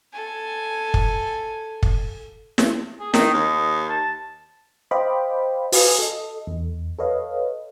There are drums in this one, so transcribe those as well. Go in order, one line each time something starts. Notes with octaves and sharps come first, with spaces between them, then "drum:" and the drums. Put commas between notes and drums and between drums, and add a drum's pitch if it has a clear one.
A4 G#5
drum: kick
drum: kick
drum: snare
G#4
D#3 D#5, drum: snare
D#2
A5
C5 D#5 F5 G5 B5 D6
F#4 B4 F5 G#5 D#6, drum: open hi-hat
A4 D#5
E2
A4 B4 C#5 D#5 F5